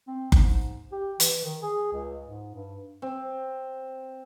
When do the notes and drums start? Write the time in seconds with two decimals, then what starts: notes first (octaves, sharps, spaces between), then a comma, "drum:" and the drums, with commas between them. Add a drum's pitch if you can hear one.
0.07 C4
0.32 G#2, drum: kick F#1
0.92 G4
1.20 E3, drum: hi-hat
1.44 D#3
1.62 G#4
1.93 C#2
2.25 G#2
2.55 G2
3.02 C4